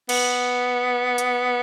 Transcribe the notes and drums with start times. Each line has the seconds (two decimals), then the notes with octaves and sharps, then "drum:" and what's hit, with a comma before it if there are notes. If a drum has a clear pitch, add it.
0.09 B3, drum: cymbal
1.18 drum: hi-hat